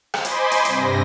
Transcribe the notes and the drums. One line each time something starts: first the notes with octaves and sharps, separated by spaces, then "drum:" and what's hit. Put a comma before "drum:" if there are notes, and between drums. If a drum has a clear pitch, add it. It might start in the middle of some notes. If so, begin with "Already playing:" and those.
C5 D#5 G#5 B5 C6 D6, drum: rim click
drum: hi-hat
drum: hi-hat
G2 C3 A#6, drum: hi-hat